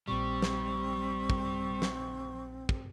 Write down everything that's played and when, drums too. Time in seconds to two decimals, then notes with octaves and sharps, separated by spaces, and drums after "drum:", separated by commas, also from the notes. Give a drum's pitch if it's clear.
0.08 A#1 A#2 G3 C4 C#6
0.42 drum: snare
1.30 drum: kick
1.82 drum: snare
2.69 drum: kick